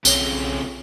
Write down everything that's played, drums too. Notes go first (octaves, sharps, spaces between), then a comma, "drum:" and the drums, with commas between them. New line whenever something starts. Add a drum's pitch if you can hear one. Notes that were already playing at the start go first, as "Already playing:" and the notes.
B1 F2 C#3 C#5 A#6 G7, drum: tambourine